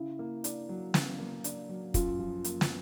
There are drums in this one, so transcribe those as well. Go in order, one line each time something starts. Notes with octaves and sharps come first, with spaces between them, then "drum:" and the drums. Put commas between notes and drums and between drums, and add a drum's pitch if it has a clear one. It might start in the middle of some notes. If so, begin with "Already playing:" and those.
Already playing: C#3 E4
A#3
D4, drum: hi-hat
F#3
C#3, drum: snare
A#3
D4, drum: hi-hat
F#3
F#2 F4, drum: kick, hi-hat
F3
A#3, drum: hi-hat
drum: snare